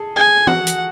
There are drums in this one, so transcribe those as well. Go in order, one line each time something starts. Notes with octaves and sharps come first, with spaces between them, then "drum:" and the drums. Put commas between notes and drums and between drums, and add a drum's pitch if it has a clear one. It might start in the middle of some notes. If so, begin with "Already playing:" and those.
Already playing: G#4 A4
G#4 G#5
F#4 F#5, drum: tom
drum: hi-hat